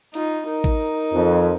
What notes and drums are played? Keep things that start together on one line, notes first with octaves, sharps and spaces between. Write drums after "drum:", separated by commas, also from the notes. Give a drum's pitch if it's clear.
D#4 F4, drum: hi-hat
D#4 A#4
drum: kick A1
F2